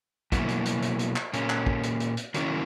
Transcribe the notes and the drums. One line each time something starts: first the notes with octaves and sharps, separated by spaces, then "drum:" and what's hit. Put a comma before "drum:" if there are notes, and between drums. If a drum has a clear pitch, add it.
B2 F#3 A#3 E4, drum: kick, hi-hat
drum: hi-hat
drum: hi-hat
drum: hi-hat
drum: hi-hat
drum: clap
A#2 A#3 C#4, drum: hi-hat
drum: clap
drum: kick
drum: hi-hat
drum: hi-hat
drum: hi-hat
D#3 F#3 A#3 C#4 E4, drum: hi-hat